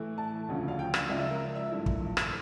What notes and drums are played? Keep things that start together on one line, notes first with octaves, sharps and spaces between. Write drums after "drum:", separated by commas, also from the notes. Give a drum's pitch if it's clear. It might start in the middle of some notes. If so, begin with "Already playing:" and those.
Already playing: A2 E3 A3 E4
A5
E1 D2 C#3 F3
F5
G5
F5, drum: rim click
C#2 C#3 F3 E5
E5
A#4
E5
G2 F3 A3 E4
drum: kick
drum: rim click